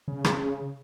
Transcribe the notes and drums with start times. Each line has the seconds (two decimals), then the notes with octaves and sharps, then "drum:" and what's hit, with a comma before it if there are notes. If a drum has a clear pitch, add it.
0.08 C#3
0.24 drum: rim click